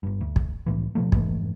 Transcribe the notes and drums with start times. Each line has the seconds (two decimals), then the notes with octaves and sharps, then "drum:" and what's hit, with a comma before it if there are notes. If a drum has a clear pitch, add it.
0.03 G1 G2
0.21 D2
0.36 drum: kick
0.66 C2 A2 E3
0.95 B2 D3 F3 A3
1.12 F1 G#2 E3 A3, drum: kick